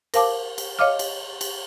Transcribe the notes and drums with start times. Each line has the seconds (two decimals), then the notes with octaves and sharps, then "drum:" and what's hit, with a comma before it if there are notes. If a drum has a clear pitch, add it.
0.14 A#4 C5 F5 A5 D6, drum: cymbal
0.58 drum: cymbal
0.79 C#5 D#5 F5 D6 F6
0.99 drum: cymbal
1.41 drum: cymbal